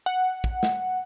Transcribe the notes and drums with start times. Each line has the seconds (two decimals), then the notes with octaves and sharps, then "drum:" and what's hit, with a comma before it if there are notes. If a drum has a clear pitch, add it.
0.06 F#5
0.44 drum: kick
0.63 drum: snare